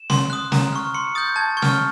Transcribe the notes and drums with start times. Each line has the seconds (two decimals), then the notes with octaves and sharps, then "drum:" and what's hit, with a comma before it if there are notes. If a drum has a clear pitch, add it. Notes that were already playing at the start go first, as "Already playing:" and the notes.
Already playing: E7
0.10 C6, drum: snare
0.30 D#6 F#6
0.52 A#5, drum: snare
0.73 C#6 F6
0.95 C6 C#7
1.15 D#6 G6 A6
1.36 A5 G#6
1.57 C#6 G#6
1.62 F6, drum: snare